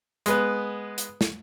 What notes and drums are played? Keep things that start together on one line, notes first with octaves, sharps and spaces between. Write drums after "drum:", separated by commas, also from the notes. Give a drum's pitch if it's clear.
G#3 B3 B4, drum: hi-hat
drum: hi-hat
drum: snare